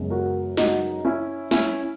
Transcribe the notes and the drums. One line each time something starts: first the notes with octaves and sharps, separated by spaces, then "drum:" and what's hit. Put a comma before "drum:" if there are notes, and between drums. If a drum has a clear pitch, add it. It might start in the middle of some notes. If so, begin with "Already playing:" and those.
Already playing: F#2 C#3 G#3 B3
F#4 A#4
D#4 F#4, drum: snare
C#4 E4
C#4 E4, drum: snare